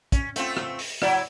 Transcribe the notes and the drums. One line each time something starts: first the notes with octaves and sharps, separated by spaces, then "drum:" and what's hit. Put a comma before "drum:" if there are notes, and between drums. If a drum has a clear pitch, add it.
C#4, drum: kick, hi-hat
A3 C4 F4, drum: hi-hat
drum: rim click
drum: open hi-hat
F#3 E4 D5, drum: rim click